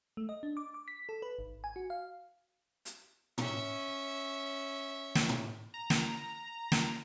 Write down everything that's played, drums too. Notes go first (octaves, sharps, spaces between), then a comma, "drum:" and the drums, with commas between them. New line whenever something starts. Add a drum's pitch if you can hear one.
A3
D#5
D4
D6
D6
B6
A4
B4
G#1
G#5
F#4
F5
drum: hi-hat
C#4 E5, drum: tom
drum: snare
drum: tom
A#5
drum: snare
drum: snare